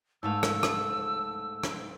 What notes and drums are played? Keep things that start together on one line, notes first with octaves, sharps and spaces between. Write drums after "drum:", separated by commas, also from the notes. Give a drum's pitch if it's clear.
G#2 A3 F5 E6
drum: rim click
drum: rim click
drum: rim click